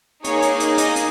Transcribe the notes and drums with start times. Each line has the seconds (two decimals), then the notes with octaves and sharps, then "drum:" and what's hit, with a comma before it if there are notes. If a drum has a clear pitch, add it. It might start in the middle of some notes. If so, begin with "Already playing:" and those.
0.24 A#3 D#4 G#4 C#5, drum: hi-hat
0.42 drum: hi-hat
0.60 drum: hi-hat
0.78 D#5, drum: hi-hat
0.96 drum: hi-hat